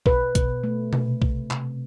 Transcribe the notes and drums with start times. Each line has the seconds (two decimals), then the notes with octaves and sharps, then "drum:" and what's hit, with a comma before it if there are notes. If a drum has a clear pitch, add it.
0.06 B2 B4, drum: kick
0.35 B2, drum: kick, hi-hat
0.64 A3
0.93 C3, drum: tom B2
1.22 C3, drum: kick
1.51 C3, drum: clap